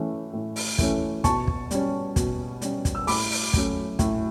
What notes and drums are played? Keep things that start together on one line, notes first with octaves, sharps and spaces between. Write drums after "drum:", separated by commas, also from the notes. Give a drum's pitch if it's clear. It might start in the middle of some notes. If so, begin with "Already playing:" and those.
Already playing: A2 E3 A3 C#4
A2
drum: open hi-hat
E3 A3 C#4, drum: kick, hi-hat
B2 A5 C#6, drum: kick, hi-hat
drum: kick
G3 C#4, drum: hi-hat
B2, drum: kick, hi-hat
G3 C#4, drum: hi-hat
drum: kick, hi-hat
E6
A2 B5 D6, drum: open hi-hat
drum: open hi-hat
F#3 A3 C#4, drum: kick, hi-hat
A2, drum: kick, hi-hat